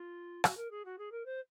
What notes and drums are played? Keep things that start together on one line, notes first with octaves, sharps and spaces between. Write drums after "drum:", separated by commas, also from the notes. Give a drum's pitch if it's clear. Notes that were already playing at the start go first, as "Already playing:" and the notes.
Already playing: F4
F#4, drum: rim click
A#4
G#4
F#4
G#4
A#4
C5